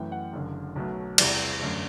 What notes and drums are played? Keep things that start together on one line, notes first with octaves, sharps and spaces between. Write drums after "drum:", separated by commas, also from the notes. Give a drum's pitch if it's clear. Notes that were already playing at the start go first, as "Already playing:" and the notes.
Already playing: F#2 E3 A3 G5
F#5
F#1 F#2 D3
B1 B2 F#3 A3
E2 C3 E3 G3 D5, drum: cymbal
F#2 D3 A3